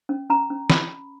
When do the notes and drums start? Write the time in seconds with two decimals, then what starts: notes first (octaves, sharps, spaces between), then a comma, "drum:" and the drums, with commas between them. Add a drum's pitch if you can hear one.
0.09 C#4
0.30 C#4 A#5
0.50 C#4
0.70 C#4 B5, drum: snare